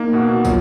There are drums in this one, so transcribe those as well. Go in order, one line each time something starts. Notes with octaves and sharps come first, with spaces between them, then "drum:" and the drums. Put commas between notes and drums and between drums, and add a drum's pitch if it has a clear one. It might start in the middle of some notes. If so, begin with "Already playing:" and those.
Already playing: A#3 D#4
B2 F#4
F#3 F4, drum: kick, tambourine